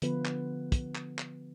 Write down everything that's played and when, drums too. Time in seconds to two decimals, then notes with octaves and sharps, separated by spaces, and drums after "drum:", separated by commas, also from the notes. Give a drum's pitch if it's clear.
0.02 D3 F3 B3 F4 B4, drum: hi-hat
0.25 drum: clap
0.72 drum: kick, hi-hat
0.95 drum: clap
1.19 drum: clap